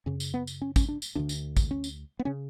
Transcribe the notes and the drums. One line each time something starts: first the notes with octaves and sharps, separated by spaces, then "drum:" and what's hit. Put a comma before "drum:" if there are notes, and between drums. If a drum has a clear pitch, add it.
F#2 C#3 C#4
drum: tambourine
B3
drum: tambourine
C#4
C#4, drum: kick, tambourine
D4
drum: tambourine
D2 D3 D4
drum: tambourine
drum: kick, tambourine
C#4
drum: tambourine
B3
C#3 C#4